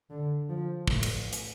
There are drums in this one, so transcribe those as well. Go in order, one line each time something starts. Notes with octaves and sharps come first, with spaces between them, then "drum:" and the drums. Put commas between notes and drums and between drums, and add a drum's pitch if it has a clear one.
D3
F3
A2, drum: kick
drum: cymbal
drum: hi-hat